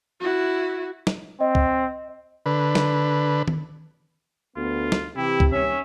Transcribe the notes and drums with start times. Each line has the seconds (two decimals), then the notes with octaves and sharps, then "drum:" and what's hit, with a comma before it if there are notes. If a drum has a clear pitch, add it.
0.21 E4 F#4
1.07 drum: snare
1.41 C4 D#5
1.55 drum: kick C2
2.46 D3 B4
2.75 drum: snare
3.48 drum: tom D#3
4.56 D2 B3 F4
4.92 drum: snare
5.16 C3 E3 E4 G4
5.40 drum: kick C2
5.52 D#2 G3 C#4 E5